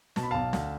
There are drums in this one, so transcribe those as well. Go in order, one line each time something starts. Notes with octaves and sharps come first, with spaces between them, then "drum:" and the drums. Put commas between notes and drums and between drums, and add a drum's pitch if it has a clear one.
B2 A5, drum: snare
B5
B1 F5 A5
D2, drum: snare